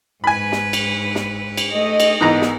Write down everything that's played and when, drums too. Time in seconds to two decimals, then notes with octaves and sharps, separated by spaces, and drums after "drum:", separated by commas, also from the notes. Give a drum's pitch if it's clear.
0.24 G#2 B4 G#5 B5
0.52 drum: snare
0.73 drum: cymbal
1.15 drum: snare
1.57 drum: cymbal
1.73 A3 D#5
2.00 drum: cymbal
2.21 G#2 E3 B3 A#4 A#5
2.42 drum: snare